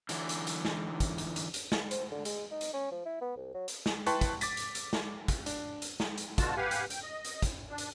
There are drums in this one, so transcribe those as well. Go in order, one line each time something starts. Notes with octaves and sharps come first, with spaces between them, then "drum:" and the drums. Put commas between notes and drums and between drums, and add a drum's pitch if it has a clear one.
D3 E3 F#3, drum: hi-hat
drum: hi-hat
drum: hi-hat
drum: snare
drum: kick, hi-hat
drum: hi-hat
drum: hi-hat
drum: hi-hat
drum: snare
C5, drum: hi-hat
D3
G#3, drum: hi-hat
D#4
drum: hi-hat
C#4
F3
E4
B3
C2
F#3
drum: hi-hat
drum: snare
E4 B4 G5 A5 C6 C#6, drum: hi-hat
drum: kick, hi-hat
D6 A6 B6, drum: hi-hat
drum: hi-hat
drum: hi-hat
drum: snare
drum: kick, hi-hat
D4, drum: hi-hat
drum: hi-hat
drum: snare
drum: hi-hat
B2 D3 F4 F#4 A5, drum: kick, hi-hat
G4 B4 F5 F#5 G#5
drum: hi-hat
G5, drum: hi-hat
D#5
drum: hi-hat
drum: kick, hi-hat
D4
drum: hi-hat